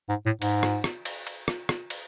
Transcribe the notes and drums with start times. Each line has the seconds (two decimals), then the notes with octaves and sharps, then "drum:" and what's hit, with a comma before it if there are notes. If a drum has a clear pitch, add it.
0.09 G#2
0.26 A2
0.42 G#2, drum: cymbal
0.63 drum: rim click
0.84 drum: rim click
1.05 drum: cymbal
1.27 drum: cymbal
1.48 drum: rim click
1.69 drum: rim click
1.90 drum: cymbal